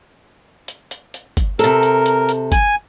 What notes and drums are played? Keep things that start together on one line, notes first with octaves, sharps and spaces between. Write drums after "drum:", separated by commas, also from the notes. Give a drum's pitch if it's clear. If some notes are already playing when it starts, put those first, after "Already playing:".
drum: hi-hat
drum: hi-hat
drum: hi-hat
drum: kick G1, hi-hat
C3 A4 A#4, drum: hi-hat
drum: hi-hat
drum: hi-hat
drum: hi-hat
G#5, drum: kick G1, hi-hat